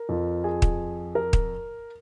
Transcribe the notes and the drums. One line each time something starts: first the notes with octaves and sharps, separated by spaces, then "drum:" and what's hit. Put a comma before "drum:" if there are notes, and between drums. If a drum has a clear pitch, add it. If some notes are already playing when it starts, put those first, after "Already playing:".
Already playing: A#4
F2 F3
G#4
drum: kick
A#4
drum: kick